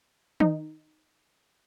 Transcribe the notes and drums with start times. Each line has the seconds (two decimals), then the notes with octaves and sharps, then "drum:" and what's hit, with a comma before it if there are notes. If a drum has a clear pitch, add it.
0.40 D#4, drum: tom D#3